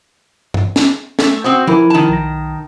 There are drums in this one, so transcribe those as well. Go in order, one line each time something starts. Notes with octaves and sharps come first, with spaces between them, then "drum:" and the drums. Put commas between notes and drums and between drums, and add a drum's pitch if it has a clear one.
drum: tom G2
drum: snare
A3, drum: snare
C4 F#4 C5 F#5 D#6
E3 F3 E4 A#4
D#3 A5
B1 A#6